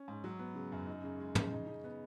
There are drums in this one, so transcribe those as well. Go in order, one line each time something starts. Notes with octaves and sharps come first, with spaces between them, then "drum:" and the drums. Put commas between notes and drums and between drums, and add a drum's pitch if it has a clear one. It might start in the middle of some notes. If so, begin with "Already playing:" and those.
Already playing: C#4
G#2
F#3
B3
C#3
F#2
D#4
C#3
G#3
C#3, drum: tom
D#4
C#3
B3